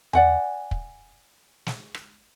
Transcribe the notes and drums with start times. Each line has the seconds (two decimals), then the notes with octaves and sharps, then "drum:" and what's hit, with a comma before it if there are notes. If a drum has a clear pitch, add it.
0.13 D5 F#5 G#5, drum: tom E2
0.71 drum: kick
1.66 drum: snare
1.95 drum: rim click